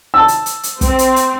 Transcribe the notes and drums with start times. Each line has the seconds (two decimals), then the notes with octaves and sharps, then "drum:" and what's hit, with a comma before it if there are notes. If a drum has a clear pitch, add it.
0.14 A5 E6
0.28 drum: hi-hat
0.46 drum: hi-hat
0.63 drum: hi-hat
0.81 C4, drum: kick, hi-hat
0.99 drum: hi-hat
1.16 drum: hi-hat